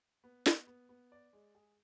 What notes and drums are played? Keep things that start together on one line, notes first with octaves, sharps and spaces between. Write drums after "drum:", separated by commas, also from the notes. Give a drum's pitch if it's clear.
B3
B3, drum: snare
B3
B3
D5
G#3
G#4